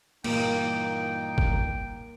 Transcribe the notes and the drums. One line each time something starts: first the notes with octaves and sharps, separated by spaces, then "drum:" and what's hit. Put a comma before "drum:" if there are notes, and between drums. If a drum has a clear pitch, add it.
G2 A#2 E3 A#3 D#4 G5, drum: cymbal
drum: kick G1